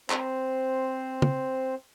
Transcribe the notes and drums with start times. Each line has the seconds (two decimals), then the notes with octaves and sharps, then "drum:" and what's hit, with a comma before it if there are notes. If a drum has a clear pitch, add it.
0.10 C4 C5, drum: clap
1.22 drum: tom